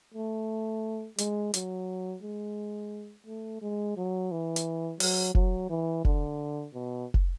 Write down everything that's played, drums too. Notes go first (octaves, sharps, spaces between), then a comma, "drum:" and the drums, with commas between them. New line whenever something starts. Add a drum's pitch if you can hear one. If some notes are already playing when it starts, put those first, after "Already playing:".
A3
G#3, drum: hi-hat
F#3, drum: hi-hat
G#3
A3
G#3
F#3
E3
drum: hi-hat
F#3, drum: open hi-hat
F#3, drum: kick F1
E3
D3, drum: kick F1
B2
drum: kick F1